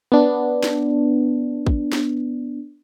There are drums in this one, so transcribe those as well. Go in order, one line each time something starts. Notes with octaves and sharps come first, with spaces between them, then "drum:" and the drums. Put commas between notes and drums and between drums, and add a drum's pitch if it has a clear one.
B3 D4
drum: snare
drum: kick
drum: snare